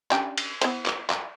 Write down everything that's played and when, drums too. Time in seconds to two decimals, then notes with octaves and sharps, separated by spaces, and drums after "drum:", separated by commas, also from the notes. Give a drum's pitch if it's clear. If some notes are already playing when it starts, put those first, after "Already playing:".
0.11 C#4 D4 G4, drum: clap
0.38 drum: cymbal
0.62 B3 E4 C5, drum: cymbal
0.85 drum: clap
1.09 drum: clap